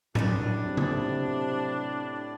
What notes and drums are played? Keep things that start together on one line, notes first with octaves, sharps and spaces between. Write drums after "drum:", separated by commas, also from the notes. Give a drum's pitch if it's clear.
F#2 A2 F#3 G3 D4 D5 D#5, drum: tom A2
C3
drum: tom C#3